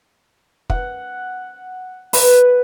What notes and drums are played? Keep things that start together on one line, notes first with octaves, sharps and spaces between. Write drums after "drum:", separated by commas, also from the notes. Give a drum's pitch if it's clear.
F#5, drum: kick
B4, drum: open hi-hat